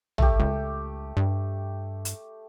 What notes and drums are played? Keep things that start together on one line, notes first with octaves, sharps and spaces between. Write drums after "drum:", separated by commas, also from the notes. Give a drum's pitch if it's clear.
A3 G4, drum: tom
C#2
G2
drum: hi-hat